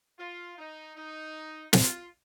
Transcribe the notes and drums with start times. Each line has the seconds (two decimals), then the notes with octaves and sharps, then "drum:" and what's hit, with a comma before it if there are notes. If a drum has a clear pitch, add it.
0.19 F4
0.58 D#4
0.96 D#4
1.73 F4, drum: snare